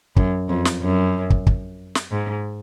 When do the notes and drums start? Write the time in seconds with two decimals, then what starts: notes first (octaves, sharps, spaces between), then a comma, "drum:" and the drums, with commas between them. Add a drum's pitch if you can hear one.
0.16 F#2, drum: kick
0.49 F2
0.65 drum: snare
0.82 F#2
1.30 drum: kick
1.47 drum: kick
1.95 drum: snare
2.11 G#2